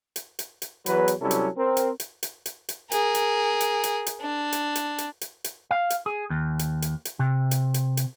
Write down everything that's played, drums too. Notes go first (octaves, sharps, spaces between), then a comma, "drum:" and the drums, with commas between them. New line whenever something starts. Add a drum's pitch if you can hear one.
drum: hi-hat
drum: hi-hat
drum: hi-hat
E2 F#3 B4, drum: hi-hat
drum: hi-hat
C3 F#3 G3 C#4 E4 A4
drum: hi-hat
C4 A#4
drum: hi-hat
drum: hi-hat
drum: hi-hat
drum: hi-hat
drum: hi-hat
G#4 A#4, drum: hi-hat
drum: hi-hat
drum: hi-hat
drum: hi-hat
drum: hi-hat
D4
drum: hi-hat
drum: hi-hat
drum: hi-hat
drum: hi-hat
drum: hi-hat
F5
drum: hi-hat
G#4
D#2
drum: hi-hat
drum: hi-hat
drum: hi-hat
C3
drum: hi-hat
drum: hi-hat
drum: hi-hat